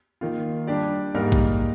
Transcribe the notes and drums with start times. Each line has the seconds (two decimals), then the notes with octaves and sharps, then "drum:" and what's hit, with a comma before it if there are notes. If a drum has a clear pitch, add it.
0.21 D#3 A#3 F4
0.67 G3 D4 G4 D5
1.14 G#2 G3 A#3 D#4 A#4
1.32 drum: kick A#1